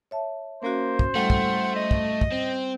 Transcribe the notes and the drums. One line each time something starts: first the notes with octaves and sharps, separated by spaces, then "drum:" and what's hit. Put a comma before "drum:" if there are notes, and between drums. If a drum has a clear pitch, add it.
C#5 E5 A5
A#3 C#4 F#4 C5
drum: kick
G3 A3 E4 F#5
drum: kick
D#5
drum: kick
drum: kick
C4